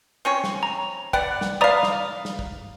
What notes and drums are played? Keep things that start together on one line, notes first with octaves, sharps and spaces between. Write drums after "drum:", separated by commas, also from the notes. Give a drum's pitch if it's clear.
C4 C#4 C#5
drum: snare
A#5
B3 D5 F#5 G5, drum: kick
drum: snare
B4 D5 F5 A#5 D#6
drum: snare
drum: snare
drum: kick